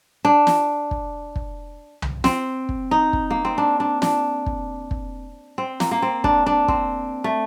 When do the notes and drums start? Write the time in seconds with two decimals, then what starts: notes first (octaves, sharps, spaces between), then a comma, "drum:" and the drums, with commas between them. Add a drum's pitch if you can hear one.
0.25 D4
0.47 drum: snare
0.91 drum: kick
1.36 drum: kick
2.02 drum: tom C2
2.24 C4, drum: snare
2.69 drum: kick
2.91 D#4
3.13 drum: kick
3.31 A#3
3.45 C4
3.58 D4
3.80 D4
4.02 D4, drum: snare
4.46 drum: kick
4.91 drum: kick
5.58 C4
5.80 A#3, drum: snare
5.91 A#3
6.02 C4
6.24 D4, drum: kick
6.46 D4
6.68 C4, drum: kick
7.24 A3